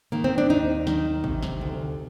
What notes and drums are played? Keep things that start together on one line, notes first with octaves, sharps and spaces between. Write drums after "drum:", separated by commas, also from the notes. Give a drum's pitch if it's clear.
D#3 A#3
C4
D4
D#2 D#4
D#3, drum: snare
C3, drum: kick G#1
drum: snare
D2